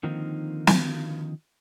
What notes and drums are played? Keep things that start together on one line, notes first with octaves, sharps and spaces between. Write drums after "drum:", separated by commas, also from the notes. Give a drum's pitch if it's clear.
D3 D#3 F3 A#3 C4 D#4
drum: snare